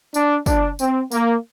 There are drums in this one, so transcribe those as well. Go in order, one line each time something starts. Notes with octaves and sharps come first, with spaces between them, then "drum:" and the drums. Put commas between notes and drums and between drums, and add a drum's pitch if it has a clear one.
D4, drum: tambourine
D4, drum: kick, tambourine
C4, drum: tambourine
A#3, drum: tambourine